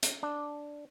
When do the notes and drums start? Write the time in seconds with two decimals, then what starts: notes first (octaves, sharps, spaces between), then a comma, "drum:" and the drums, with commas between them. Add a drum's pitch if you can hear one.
0.03 drum: hi-hat
0.23 D4